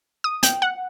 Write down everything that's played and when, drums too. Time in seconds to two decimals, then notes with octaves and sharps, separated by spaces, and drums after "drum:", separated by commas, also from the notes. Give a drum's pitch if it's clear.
0.24 D#6
0.43 G5, drum: hi-hat
0.62 F#5